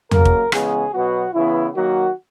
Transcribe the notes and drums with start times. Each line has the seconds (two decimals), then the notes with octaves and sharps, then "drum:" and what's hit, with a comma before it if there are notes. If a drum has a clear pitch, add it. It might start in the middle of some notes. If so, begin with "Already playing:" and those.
0.11 C#3 F#3 A#3 A#4, drum: tom E2
0.25 drum: kick
0.52 C#3 E3 G#3 B3 G#4, drum: rim click
0.93 B2 F#3 B3 F#4
1.34 C#3 E3 B3 E4
1.74 D#3 F#3 A#3 F#4